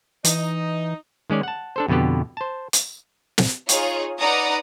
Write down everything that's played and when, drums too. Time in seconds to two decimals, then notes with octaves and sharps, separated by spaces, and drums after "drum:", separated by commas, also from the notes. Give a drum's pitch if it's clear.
0.25 E3 D#4, drum: hi-hat
1.30 D#3 G#3 C#4 D5
1.43 F#5 A5
1.76 D4 A4 C5
1.88 F2 B2 D3 B3 G4
2.37 C5 A5
2.73 drum: hi-hat
3.38 drum: snare
3.69 D#4 F4 G#4 C#5, drum: hi-hat
4.18 D#4 B4 D5 F#5 A#5 D#6